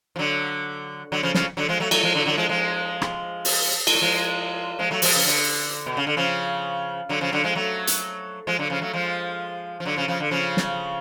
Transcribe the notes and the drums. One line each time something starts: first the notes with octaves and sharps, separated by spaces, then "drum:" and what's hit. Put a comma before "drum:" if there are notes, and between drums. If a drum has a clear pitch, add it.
F3
D3 F#3
D3 F#3
C#3 F3
C#3 F3, drum: snare
D3 F#3
F3 G#3
F#3 A3
F#3 A3, drum: cymbal
F3 G#3
D3 F#3
D3 F#3
F3 G#3
F3 G#3
drum: rim click
drum: open hi-hat
G#3, drum: cymbal
A3
F3 G#3
F3 G#3
F#3 A3
F3 G#3, drum: open hi-hat
C#3 F3
D3
B2
C#3
D3
C#3 F3
D3 F#3
C#3 F3
D3 F#3
F3 G#3
F#3 A3
drum: hi-hat
F3 G#3
D3 F#3
C#3 F3
F#3 A3
F3 G#3
F3
D3 F#3
C#3 F3
C#3 F3
D3
C#3 F3
drum: snare